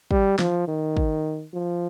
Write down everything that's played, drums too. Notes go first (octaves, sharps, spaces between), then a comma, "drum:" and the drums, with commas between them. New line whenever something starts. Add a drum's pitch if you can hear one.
G3, drum: kick
F3, drum: snare
D#3
drum: kick
F3